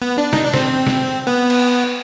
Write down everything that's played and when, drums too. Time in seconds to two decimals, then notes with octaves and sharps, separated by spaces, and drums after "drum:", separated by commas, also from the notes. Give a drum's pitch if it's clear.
0.02 B3
0.18 D4
0.33 D#4, drum: snare
0.43 D4
0.54 C4, drum: snare
0.87 drum: snare
1.27 B3
1.50 drum: cymbal